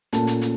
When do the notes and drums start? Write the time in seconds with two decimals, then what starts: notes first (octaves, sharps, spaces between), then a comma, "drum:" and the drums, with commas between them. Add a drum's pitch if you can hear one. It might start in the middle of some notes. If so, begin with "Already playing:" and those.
0.13 A#2 A3 C#4 A5, drum: hi-hat
0.27 drum: hi-hat
0.41 drum: hi-hat